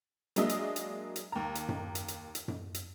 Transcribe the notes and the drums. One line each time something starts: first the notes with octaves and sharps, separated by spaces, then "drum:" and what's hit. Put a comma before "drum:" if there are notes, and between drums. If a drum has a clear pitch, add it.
F#3 G#3 A#3 D4 D#5 E5, drum: hi-hat
drum: hi-hat
drum: hi-hat
drum: hi-hat
D#2 A#5
drum: hi-hat
drum: tom F#2
drum: hi-hat
drum: hi-hat
drum: hi-hat
drum: tom F#2
drum: hi-hat